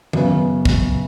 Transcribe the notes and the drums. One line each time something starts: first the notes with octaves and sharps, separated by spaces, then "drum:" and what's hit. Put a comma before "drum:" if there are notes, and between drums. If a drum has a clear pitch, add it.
F#2 C#3 B3, drum: tom D#3
drum: kick